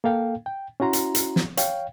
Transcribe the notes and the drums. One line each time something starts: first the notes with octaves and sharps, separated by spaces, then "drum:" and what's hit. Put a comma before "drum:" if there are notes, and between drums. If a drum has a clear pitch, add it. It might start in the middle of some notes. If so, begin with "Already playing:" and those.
A#3 A4 F5 G5
G5
C#4 E4 F#4 A#5 C6
drum: hi-hat
drum: hi-hat
drum: snare
C#5 F5 G5, drum: hi-hat